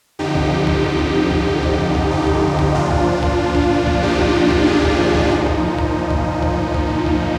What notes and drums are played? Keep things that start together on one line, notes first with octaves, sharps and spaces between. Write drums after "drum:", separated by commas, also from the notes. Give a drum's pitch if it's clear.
F2 D3 F3 D#4 G4
drum: kick
drum: kick
drum: kick
drum: kick
drum: kick
drum: kick
D#4
drum: kick
drum: kick
A#2 F3 D4 F4
drum: kick
drum: kick
drum: kick
drum: kick
D#4 G4
drum: kick
drum: kick
F4 G#4
drum: kick
drum: kick
A#2 F3 D#4
drum: kick
drum: kick
drum: kick
drum: kick
drum: kick
drum: kick